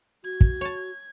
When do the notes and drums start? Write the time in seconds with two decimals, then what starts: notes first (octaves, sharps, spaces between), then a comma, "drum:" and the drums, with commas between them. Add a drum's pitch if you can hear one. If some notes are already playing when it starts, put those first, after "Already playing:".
0.24 F#4 G#6
0.41 drum: kick
0.61 C#5 A5